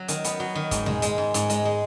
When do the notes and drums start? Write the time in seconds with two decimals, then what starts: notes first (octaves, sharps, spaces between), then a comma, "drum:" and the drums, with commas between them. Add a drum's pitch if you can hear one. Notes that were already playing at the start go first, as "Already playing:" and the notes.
Already playing: F#3
0.08 D#3, drum: hi-hat
0.24 B3, drum: hi-hat
0.40 F#3
0.55 D#3
0.71 G#2, drum: kick, hi-hat
0.86 G#3, drum: tom
1.02 G#3, drum: hi-hat
1.18 G#2
1.34 G#2, drum: hi-hat
1.50 G#3, drum: hi-hat
1.65 G#3